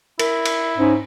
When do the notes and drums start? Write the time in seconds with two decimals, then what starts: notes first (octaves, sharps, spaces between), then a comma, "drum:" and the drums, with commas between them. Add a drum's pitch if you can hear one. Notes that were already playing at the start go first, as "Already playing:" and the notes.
0.19 E4 A#4, drum: cymbal
0.45 drum: cymbal
0.78 G#2 C#4